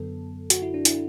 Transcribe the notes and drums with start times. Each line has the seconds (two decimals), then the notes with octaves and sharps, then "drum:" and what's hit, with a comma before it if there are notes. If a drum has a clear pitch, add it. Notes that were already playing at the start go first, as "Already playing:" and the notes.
Already playing: F#2 D3 F#3 B3 A4
0.50 F#4, drum: hi-hat
0.62 E4
0.74 D4
0.85 E4, drum: hi-hat